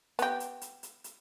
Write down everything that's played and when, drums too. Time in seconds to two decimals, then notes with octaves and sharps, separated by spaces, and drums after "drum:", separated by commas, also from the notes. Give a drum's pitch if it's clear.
0.19 B3 G4, drum: hi-hat
0.40 drum: hi-hat
0.61 drum: hi-hat
0.83 drum: hi-hat
1.04 drum: hi-hat